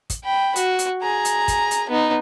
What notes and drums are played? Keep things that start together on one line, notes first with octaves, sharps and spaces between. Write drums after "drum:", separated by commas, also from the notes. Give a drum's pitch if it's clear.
drum: kick, hi-hat
G5 B5
F#4, drum: hi-hat
drum: hi-hat
G#4 A#5
drum: hi-hat
drum: kick, hi-hat
drum: hi-hat
B3 D#4